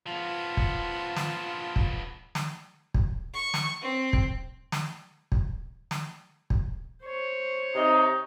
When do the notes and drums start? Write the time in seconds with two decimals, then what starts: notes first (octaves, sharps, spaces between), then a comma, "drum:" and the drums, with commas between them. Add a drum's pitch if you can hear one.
0.07 F3 B3 F4 A5
0.57 drum: kick
1.17 drum: snare
1.76 drum: kick
2.35 drum: snare
2.94 drum: kick
3.34 C#6
3.54 drum: snare
3.82 C4
4.13 drum: kick
4.72 drum: snare
5.32 drum: kick
5.91 drum: snare
6.50 drum: kick
7.04 C5 C#5
7.75 C3 D#4